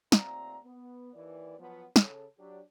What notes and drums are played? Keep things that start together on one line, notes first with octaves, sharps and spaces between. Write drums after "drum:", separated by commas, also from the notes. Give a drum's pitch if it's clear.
D#2 A3 C4 F4 D5 A#5, drum: snare
B3
D#2 E3 D5
F3 F#3 B3
C#3 A4 C#5, drum: snare
F#3 D4 G4